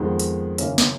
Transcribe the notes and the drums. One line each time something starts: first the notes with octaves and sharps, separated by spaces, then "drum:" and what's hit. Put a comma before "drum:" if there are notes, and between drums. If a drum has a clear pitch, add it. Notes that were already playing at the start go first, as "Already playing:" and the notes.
Already playing: F2 D#3 G#3 B3
drum: hi-hat
F#1 F#2 D#3 A#3 C#4, drum: hi-hat
drum: snare